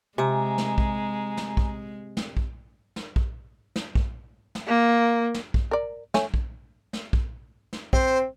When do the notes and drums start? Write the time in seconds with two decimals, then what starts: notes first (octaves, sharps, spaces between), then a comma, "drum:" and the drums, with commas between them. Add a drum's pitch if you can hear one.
0.18 C3 G#3 G#5 A#5
0.58 drum: snare
0.78 drum: kick A#1
1.37 drum: snare
1.57 drum: kick A#1
2.17 drum: snare
2.37 drum: kick A#1
2.96 drum: snare
3.16 drum: kick A#1
3.76 drum: snare
3.95 drum: kick A#1
4.55 drum: snare
4.67 A#3
5.34 drum: snare
5.54 drum: kick A#1
5.71 A#4 D5
6.14 A3 C#5 G#5, drum: snare
6.34 drum: kick A#1
6.93 drum: snare
7.13 drum: kick A#1
7.73 drum: snare
7.93 C4 C5, drum: kick A#1